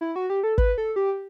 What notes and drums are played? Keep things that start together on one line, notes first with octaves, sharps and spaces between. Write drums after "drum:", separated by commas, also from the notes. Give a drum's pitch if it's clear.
E4
F#4
G4
A4
B4, drum: kick
A4
G4